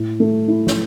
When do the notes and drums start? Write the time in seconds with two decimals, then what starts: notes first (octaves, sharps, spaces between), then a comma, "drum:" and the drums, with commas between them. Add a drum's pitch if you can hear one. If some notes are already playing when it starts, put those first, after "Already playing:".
Already playing: A2
0.20 A3
0.48 E4
0.67 drum: snare